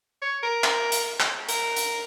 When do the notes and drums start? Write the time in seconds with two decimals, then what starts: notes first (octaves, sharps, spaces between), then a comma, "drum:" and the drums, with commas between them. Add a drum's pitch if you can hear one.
0.22 C#5
0.43 A#4
0.64 drum: clap
0.92 drum: hi-hat
1.20 drum: clap
1.49 A#4, drum: hi-hat
1.76 drum: hi-hat